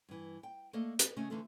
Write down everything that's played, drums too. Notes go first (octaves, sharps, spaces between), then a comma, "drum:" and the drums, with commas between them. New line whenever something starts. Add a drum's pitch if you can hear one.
G2 E3
G5
A3 A#3 A4 D5 D#5
G4, drum: hi-hat
C#3 A3 C#4 D#5
D3 E3 A3 D4 F4 A4